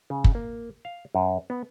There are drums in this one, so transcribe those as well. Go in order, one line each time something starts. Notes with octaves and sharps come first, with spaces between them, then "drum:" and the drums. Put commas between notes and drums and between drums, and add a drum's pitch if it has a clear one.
C#3
drum: kick
A#3
F5
F#2
B3